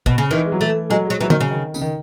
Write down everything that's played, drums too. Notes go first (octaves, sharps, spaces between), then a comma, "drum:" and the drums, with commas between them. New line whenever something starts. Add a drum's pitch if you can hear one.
B2, drum: kick
C#3
D#3 E3
G#3
F#3
E3 A3
F#3 G#3
G#3
F#3
E3 F#3
D#3, drum: tom
C#3
D#3
C#3, drum: tambourine
D#3